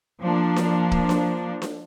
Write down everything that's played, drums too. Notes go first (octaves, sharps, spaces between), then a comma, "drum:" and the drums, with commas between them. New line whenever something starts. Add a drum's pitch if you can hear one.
F3 A#3 D4
drum: snare D4
drum: kick
drum: snare D4
drum: snare D4